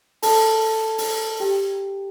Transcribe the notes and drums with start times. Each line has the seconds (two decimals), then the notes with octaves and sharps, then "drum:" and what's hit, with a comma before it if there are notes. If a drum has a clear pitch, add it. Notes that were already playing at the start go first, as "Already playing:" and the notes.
0.22 A4 A5, drum: open hi-hat
0.98 drum: open hi-hat
1.40 G4 G5